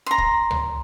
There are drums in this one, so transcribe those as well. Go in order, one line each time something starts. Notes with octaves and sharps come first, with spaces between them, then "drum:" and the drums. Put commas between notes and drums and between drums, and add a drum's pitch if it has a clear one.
A#5 C6
drum: kick
drum: tom C#2